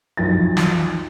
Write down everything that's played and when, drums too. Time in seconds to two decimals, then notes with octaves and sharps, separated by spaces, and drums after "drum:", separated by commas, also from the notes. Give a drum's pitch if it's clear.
0.17 B1 F2 A6
0.57 drum: snare